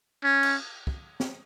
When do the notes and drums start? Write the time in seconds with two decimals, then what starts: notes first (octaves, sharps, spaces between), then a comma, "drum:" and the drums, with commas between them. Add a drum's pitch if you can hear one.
0.24 C#4
0.43 drum: cymbal
0.87 drum: kick
1.20 drum: snare